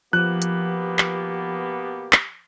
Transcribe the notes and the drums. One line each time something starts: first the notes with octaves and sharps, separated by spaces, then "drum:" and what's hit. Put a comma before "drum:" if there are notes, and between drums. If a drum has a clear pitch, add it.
B2 F3 A#3 B3 G4 F#6
drum: hi-hat
drum: clap
drum: clap